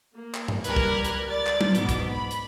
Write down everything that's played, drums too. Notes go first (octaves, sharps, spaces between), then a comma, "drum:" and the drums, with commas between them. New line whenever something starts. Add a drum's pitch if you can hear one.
A#3
drum: clap
drum: tom G2
C#2 G3 A#4 B4 F#6 G#6, drum: hi-hat
drum: kick
drum: hi-hat
D5 A6
drum: clap
drum: tom F#3
G#2 B2 B3 D6, drum: hi-hat
drum: kick, hi-hat
B5
drum: hi-hat